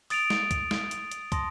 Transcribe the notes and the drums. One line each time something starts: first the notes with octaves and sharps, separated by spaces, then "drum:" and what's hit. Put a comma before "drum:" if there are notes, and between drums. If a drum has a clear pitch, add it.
D#6 A6 D7 F7, drum: open hi-hat
drum: snare
drum: kick, hi-hat
drum: snare
drum: hi-hat
drum: hi-hat
A5 C6 D#6 A#6, drum: kick, hi-hat